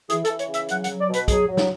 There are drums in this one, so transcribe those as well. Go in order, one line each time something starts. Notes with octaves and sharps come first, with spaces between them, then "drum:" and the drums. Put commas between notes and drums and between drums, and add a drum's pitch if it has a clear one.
E3 G#4, drum: hi-hat
A4, drum: hi-hat
E3
C#5, drum: hi-hat
C#3
E5, drum: hi-hat
F#3 F#5, drum: hi-hat
F#5, drum: hi-hat
F#3
D5
B2
B4, drum: hi-hat
F#3 G#4, drum: kick, hi-hat
F#3
drum: snare